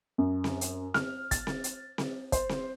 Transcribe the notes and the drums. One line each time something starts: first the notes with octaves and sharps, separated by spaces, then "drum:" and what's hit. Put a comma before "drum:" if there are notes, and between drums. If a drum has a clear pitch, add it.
F#2
drum: snare C4
drum: hi-hat
F6, drum: snare C4
A6, drum: kick, hi-hat
drum: snare C4
drum: hi-hat
drum: snare C4
C5, drum: kick, hi-hat
drum: snare C4